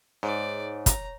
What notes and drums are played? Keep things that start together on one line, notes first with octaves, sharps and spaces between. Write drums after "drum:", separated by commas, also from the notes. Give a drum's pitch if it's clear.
G#2 C#5 D5
A#5, drum: kick, hi-hat